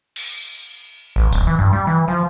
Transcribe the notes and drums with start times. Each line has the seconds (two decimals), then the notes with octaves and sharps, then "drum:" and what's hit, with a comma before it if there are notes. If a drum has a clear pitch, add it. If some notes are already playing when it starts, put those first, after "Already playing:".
0.16 drum: cymbal
1.16 A1
1.32 D1, drum: tambourine
1.47 E3
1.58 G2
1.73 G3
1.87 E3
2.08 F3